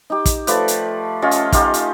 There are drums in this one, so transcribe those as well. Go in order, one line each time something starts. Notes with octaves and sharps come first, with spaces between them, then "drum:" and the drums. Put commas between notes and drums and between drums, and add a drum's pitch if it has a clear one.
D#4 G4
drum: kick, hi-hat
F3 A3 B4 D5, drum: hi-hat
drum: hi-hat
C#4 F4 D#5
drum: hi-hat
D#4 F4 G4, drum: kick, hi-hat
drum: hi-hat